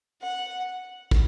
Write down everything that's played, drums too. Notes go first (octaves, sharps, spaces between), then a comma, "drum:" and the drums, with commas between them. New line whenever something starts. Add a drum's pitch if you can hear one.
F#5
drum: kick